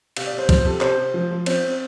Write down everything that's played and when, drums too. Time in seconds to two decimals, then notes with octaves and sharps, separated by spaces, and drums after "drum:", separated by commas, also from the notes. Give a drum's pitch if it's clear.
0.16 C3 F5, drum: cymbal
0.27 D5
0.33 C3
0.39 C5
0.49 F3 C5, drum: kick, cymbal
0.65 C3 A4
0.81 C3 C5, drum: clap
0.97 C3
1.14 F3
1.31 F3
1.46 C4 C5, drum: cymbal
1.63 C4